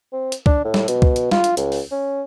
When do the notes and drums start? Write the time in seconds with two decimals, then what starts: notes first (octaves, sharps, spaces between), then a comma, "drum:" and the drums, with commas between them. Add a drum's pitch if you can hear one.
0.13 C4
0.32 drum: hi-hat
0.46 D4, drum: kick C#2
0.64 A2
0.74 drum: snare
0.88 B2, drum: hi-hat
1.02 drum: kick C#2
1.16 drum: hi-hat
1.31 F4, drum: snare
1.44 drum: hi-hat
1.57 C#2, drum: hi-hat
1.72 drum: open hi-hat
1.91 C#4